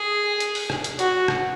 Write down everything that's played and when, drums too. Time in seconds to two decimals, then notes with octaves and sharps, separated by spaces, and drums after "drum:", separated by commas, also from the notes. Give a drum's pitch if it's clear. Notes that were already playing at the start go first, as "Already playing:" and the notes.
Already playing: G#4
0.40 drum: hi-hat
0.55 drum: open hi-hat
0.70 drum: rim click
0.84 drum: hi-hat
0.99 F#4, drum: hi-hat
1.28 drum: rim click